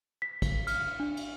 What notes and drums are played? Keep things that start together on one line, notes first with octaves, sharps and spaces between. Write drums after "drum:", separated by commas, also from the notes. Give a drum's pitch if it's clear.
B6
drum: kick, cymbal
F6, drum: cymbal
D4
drum: cymbal